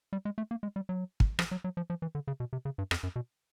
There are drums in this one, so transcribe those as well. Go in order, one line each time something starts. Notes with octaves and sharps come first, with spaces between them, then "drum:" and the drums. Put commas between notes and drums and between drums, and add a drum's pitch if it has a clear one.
G3
G#3
A3
A#3
G#3
G3
F#3
drum: kick
F3, drum: rim click
F#3
F#3
F3
F3
E3
D3
C#3
B2
C3
C#3
G2
F2, drum: rim click
F#2
B2